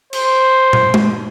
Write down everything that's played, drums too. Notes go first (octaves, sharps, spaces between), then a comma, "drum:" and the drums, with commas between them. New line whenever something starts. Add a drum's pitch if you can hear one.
C5, drum: cymbal
drum: tom
drum: tom G#3